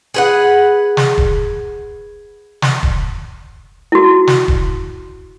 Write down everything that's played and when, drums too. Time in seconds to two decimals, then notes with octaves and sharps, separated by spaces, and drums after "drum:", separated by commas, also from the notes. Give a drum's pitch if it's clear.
0.14 G#4 B4 F#5
0.97 drum: snare
1.18 drum: kick E1
2.62 drum: snare
2.83 drum: kick E1
3.92 E4 F#4
4.27 drum: snare
4.48 drum: kick E1